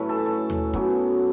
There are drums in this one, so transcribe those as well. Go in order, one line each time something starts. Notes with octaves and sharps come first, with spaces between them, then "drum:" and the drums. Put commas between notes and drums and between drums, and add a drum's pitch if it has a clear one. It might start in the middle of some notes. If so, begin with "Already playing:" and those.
Already playing: A2 F#3 A3 C#4 B4 B5
A4 A5
A4 A5
drum: tom D#2
F#2 F#3 B3, drum: kick